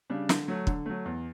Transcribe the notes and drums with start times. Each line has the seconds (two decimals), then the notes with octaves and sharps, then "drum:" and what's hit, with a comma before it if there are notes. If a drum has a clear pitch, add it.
0.10 C#3 G3 D4
0.29 D3, drum: snare
0.48 F#3 A3
0.67 D3, drum: kick
0.86 F#3 A3
1.05 E2